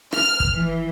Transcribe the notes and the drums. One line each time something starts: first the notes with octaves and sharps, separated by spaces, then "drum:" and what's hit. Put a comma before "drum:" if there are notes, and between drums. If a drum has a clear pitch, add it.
F6, drum: rim click
drum: kick
E3